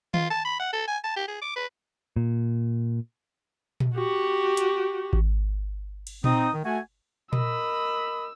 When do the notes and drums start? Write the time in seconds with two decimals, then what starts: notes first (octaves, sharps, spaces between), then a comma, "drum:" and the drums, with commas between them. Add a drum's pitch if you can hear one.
0.14 F4, drum: tom D#3
0.30 A5
0.45 B5
0.60 F#5
0.73 A4
0.88 G#5
1.04 A5
1.17 G4
1.28 G#4
1.42 D6
1.56 B4
2.16 A#2
3.80 drum: tom A#2
3.95 F#4 G4
4.57 drum: hi-hat
5.13 drum: kick G#1
6.07 drum: cymbal
6.24 C4 D#4 D#6, drum: tom A#2
6.53 D#3
6.65 A3 F#4 G#5
7.33 A#4 D#5 B5 E6, drum: tom A#2